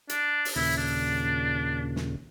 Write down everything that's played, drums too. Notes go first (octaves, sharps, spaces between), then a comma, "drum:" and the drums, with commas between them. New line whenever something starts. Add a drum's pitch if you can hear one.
D4, drum: hi-hat
drum: open hi-hat
D#2 A#2 C#3 E4
D4
drum: snare